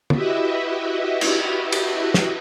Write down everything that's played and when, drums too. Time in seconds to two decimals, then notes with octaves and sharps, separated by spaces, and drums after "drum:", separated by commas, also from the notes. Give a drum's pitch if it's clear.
0.10 E4 F#4 G4 B4 D#5 E5, drum: tom
1.21 drum: cymbal
1.72 drum: cymbal
2.14 drum: snare